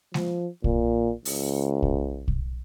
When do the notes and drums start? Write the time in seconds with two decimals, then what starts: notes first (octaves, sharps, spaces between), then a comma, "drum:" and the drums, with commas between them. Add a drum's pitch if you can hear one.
0.14 F3, drum: snare G#3
0.64 A#2, drum: kick
1.25 C#2, drum: open hi-hat
1.83 drum: kick
2.28 drum: kick